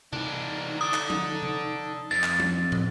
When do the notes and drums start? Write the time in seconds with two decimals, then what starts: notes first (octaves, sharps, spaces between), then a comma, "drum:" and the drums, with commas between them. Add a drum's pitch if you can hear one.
0.13 E3 D4 D#4, drum: tom C3
0.81 A4 D5 D#6
0.94 drum: clap
1.10 drum: tom F3
1.42 drum: tom C3
2.11 F2 A6
2.23 drum: clap
2.40 drum: tom F3
2.72 drum: tom